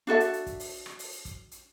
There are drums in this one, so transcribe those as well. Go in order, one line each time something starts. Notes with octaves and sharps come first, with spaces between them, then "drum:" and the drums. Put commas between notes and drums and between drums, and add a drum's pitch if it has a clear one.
D4 F#4 A4 E5
drum: hi-hat
drum: hi-hat
drum: kick, hi-hat
drum: open hi-hat
drum: rim click
drum: open hi-hat
drum: hi-hat
drum: kick, hi-hat
drum: hi-hat